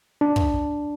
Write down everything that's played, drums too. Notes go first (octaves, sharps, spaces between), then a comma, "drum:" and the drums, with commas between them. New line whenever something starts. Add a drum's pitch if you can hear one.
D4
drum: kick